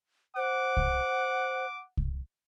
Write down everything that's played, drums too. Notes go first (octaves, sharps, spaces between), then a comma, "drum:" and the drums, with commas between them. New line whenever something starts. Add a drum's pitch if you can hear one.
C5 F#5 D6
drum: kick C2
drum: kick C2